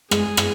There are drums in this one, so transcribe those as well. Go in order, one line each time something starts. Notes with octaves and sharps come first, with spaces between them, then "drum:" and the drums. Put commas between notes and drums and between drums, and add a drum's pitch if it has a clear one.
G#3 G#4, drum: rim click
drum: rim click